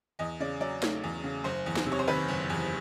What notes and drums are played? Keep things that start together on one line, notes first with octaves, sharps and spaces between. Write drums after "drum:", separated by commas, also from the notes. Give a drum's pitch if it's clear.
E2 D#5
C#3 D5
F#3 D5
A3, drum: snare D#4
E2
C#3
F#1 C5
E2
drum: snare D#4
C3
C#5
C5
D#3 B4
F#1
E2